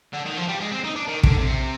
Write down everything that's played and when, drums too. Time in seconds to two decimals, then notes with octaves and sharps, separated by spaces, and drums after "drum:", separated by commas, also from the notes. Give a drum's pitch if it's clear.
0.13 D3
0.25 D#3
0.37 F3
0.48 G3
0.60 G#3
0.72 C4
0.84 D#4
0.96 D4
1.08 D#3
1.23 D3, drum: kick
1.39 C3